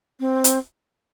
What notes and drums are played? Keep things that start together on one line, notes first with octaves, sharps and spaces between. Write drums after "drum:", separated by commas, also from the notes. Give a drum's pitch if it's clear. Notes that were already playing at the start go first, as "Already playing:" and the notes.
C4
drum: hi-hat